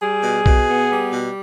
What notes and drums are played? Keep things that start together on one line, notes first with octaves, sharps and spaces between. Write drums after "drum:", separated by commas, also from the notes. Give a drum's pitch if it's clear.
G3 G#4
B2
B2, drum: kick B1
B3
G3
B2